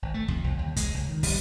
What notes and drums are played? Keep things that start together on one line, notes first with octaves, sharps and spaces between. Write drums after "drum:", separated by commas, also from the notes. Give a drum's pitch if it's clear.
G#1
A3
F2, drum: kick
C2
D#2
G#3, drum: kick, hi-hat
C#2
D#3
G3, drum: kick, open hi-hat